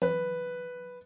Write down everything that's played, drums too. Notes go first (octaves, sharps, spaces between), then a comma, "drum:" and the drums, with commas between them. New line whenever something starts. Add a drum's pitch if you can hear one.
B4, drum: tom E3